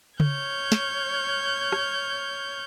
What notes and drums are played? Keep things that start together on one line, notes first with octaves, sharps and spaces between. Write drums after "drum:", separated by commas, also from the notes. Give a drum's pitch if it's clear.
C#5 F6 G6 G#6, drum: tom C#3
drum: snare
drum: rim click